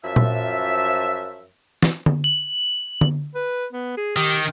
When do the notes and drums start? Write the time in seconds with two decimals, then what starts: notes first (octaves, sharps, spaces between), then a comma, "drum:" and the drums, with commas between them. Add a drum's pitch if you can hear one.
0.04 F#2 F3 E5
0.16 drum: tom A#2
1.82 drum: snare
2.06 drum: tom D3
2.24 F#7
3.01 drum: tom D3
3.35 B4
3.73 B3
3.97 G#4
4.16 D#3 G4